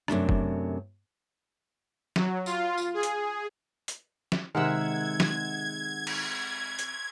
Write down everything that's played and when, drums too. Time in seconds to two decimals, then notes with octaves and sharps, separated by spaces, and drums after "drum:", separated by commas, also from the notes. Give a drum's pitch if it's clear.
0.08 F#2 C3 A3 D4, drum: rim click
0.29 drum: kick
2.16 F#3, drum: snare
2.46 F4, drum: tambourine
2.78 drum: tambourine
2.94 G#4
3.03 drum: hi-hat
3.88 drum: hi-hat
4.32 drum: snare
4.55 C3 D#3 G#3 A#4 F#5 E6 G#6
5.20 drum: snare
6.07 drum: cymbal
6.79 drum: hi-hat